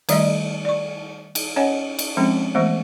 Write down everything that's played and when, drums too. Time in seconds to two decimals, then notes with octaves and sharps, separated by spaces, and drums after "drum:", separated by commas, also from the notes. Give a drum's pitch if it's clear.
0.09 D#3 G3 A3 D5 D#5, drum: cymbal
0.65 D5 C#6
1.35 drum: cymbal
1.56 C#4 C#5 D#5 F#5 G#5
1.99 drum: cymbal
2.17 F3 G#3 C4 C#4
2.55 E3 G#3 A3 B3 C5